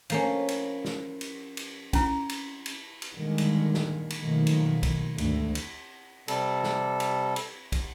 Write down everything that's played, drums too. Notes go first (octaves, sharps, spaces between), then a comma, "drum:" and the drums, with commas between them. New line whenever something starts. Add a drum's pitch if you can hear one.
F3 A#3 C#4, drum: cymbal
drum: cymbal
drum: snare
drum: cymbal
drum: cymbal
C#4 E4, drum: kick, cymbal
drum: cymbal
drum: cymbal
drum: cymbal
A#2 D3 D#3 G3 G#3 A#3
drum: cymbal
drum: snare
drum: cymbal
B2 D#3 F3 F#3 A3 A#3
drum: cymbal
drum: kick, cymbal
G#1 D2 A3, drum: cymbal
drum: cymbal
C3 G3 A4, drum: cymbal
drum: snare
drum: cymbal
drum: cymbal
drum: kick, cymbal